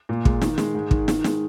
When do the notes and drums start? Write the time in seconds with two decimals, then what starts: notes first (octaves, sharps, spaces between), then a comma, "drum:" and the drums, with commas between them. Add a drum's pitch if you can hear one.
0.09 A#2
0.25 G#3, drum: kick
0.42 D#3, drum: snare
0.58 G#3, drum: snare
0.75 G#2
0.91 D#3, drum: kick
1.08 D#3, drum: snare
1.24 G#3, drum: snare